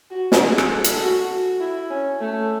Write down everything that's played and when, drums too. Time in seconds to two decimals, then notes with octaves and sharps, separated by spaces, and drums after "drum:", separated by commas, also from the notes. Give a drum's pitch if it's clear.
0.11 F#4
0.32 drum: snare
0.41 G#4
0.58 drum: rim click
0.70 A4
0.84 drum: hi-hat
1.01 F#4
1.60 E4
1.90 C#4
2.20 A3